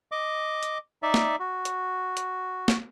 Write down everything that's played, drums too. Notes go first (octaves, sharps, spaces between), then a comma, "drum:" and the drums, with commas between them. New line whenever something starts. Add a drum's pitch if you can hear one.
D#5 D6
drum: hi-hat
D#4 D5 E5
drum: snare
F#4
drum: hi-hat
drum: hi-hat
drum: snare